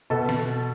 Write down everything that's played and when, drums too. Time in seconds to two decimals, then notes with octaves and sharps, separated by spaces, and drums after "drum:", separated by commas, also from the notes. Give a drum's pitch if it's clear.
0.10 B2 A4 A5
0.29 drum: snare